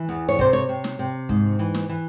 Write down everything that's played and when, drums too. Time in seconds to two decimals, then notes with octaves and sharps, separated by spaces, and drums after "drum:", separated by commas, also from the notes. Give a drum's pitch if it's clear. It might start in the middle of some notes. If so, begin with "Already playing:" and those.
Already playing: E3
0.09 E2
0.29 C#5
0.39 C3 C5, drum: kick
0.53 C#5
0.69 C3
0.84 drum: snare
0.99 C3
1.29 G#2, drum: kick
1.59 E3
1.74 drum: snare
1.89 E3